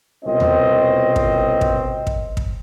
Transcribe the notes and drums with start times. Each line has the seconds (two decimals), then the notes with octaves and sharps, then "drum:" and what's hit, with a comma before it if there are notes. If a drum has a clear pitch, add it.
0.25 C2 B2 C4 C#4 F4 D#5
0.40 drum: tom D#2
1.16 drum: kick
1.61 drum: kick
2.07 drum: kick
2.37 drum: kick